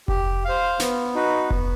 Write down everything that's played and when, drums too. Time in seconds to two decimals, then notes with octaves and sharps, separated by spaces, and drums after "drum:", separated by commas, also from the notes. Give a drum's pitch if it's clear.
0.08 G4, drum: kick F1
0.45 C5 F5
0.80 B3, drum: snare
1.15 D#4 F#4 B4
1.50 B3, drum: kick F1